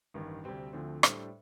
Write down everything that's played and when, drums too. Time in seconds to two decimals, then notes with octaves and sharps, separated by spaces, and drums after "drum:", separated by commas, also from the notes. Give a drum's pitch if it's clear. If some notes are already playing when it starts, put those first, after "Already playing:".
0.14 A1 G2 D#3
0.44 D2 C3 G3 C4 G4
0.73 D2 D3 F3 A3 C4
1.03 A2 G3 D4 A4 C5, drum: rim click